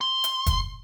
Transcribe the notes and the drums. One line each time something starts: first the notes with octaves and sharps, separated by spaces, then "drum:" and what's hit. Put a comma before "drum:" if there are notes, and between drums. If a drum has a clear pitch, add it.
C6
drum: hi-hat
drum: kick, hi-hat